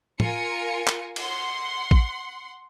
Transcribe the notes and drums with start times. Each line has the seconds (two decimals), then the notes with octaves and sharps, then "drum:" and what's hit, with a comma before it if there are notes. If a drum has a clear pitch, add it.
0.20 F4 A#4 G#5 C#7, drum: tom
0.87 drum: clap
1.16 F#5 C6, drum: cymbal
1.91 drum: kick A1